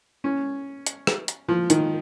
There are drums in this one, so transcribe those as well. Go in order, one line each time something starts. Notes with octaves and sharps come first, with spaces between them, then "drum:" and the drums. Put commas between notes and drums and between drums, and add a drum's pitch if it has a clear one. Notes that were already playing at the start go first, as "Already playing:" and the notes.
C#4
drum: hi-hat
drum: rim click
drum: hi-hat
F3
D#3, drum: hi-hat